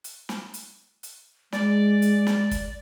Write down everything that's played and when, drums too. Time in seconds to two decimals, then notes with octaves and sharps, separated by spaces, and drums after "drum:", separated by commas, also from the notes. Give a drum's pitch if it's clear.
0.04 drum: hi-hat
0.29 drum: snare
0.54 drum: hi-hat
1.03 drum: hi-hat
1.52 G#3 D5, drum: snare
2.02 drum: hi-hat
2.27 drum: snare
2.51 drum: kick, hi-hat